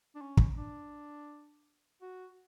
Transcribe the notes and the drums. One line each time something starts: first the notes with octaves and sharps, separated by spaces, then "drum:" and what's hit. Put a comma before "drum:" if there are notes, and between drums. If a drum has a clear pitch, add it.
D4
C#4
drum: kick
D4
F#4